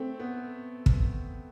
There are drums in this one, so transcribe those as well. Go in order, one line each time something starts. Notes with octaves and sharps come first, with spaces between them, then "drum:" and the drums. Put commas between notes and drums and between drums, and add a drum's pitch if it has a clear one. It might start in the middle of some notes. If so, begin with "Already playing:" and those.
Already playing: A3 C4
B3
drum: kick